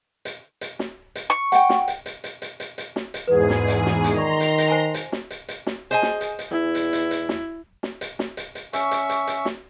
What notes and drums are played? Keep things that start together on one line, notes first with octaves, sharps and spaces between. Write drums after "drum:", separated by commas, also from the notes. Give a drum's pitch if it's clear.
drum: hi-hat
drum: hi-hat
drum: snare
drum: hi-hat
C#6
F#5 G5, drum: hi-hat
drum: snare
drum: hi-hat
drum: hi-hat
drum: hi-hat
drum: hi-hat
drum: hi-hat
drum: hi-hat
drum: snare
drum: hi-hat
E2 G#2 G#4 B4
drum: snare
drum: hi-hat
drum: snare
drum: hi-hat
D#3 F4 D5 A#5 C6 C#6
drum: hi-hat
drum: hi-hat
C5 G#5 A5
drum: hi-hat
drum: snare
drum: hi-hat
drum: hi-hat
drum: snare
G#4 C5 D#5 G#5
drum: snare
drum: hi-hat
drum: hi-hat
E2 E4
drum: hi-hat
drum: hi-hat
drum: hi-hat
drum: snare
drum: snare
drum: hi-hat
drum: snare
drum: hi-hat
drum: hi-hat
C#4 E5 C#6, drum: hi-hat
drum: hi-hat
drum: hi-hat
drum: hi-hat
drum: snare